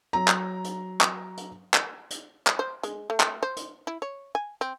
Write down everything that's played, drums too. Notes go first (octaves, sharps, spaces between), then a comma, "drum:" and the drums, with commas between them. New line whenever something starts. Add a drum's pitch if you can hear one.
F#3 A#5
drum: clap
drum: hi-hat
drum: clap
drum: hi-hat
drum: clap
drum: hi-hat
drum: clap
C5
G#3, drum: hi-hat
A3
drum: clap
C5
drum: hi-hat
E4
C#5
G#5
C4